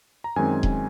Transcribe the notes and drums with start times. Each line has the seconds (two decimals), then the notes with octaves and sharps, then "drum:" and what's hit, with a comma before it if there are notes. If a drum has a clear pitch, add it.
0.24 A#5
0.36 F#2 D#3 G#3 C4 G#5
0.63 drum: kick D#1